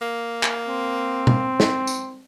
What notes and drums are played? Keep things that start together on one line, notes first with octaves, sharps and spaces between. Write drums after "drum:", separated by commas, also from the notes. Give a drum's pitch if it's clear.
A#3
drum: clap
C4
drum: tom B2
drum: snare
drum: tambourine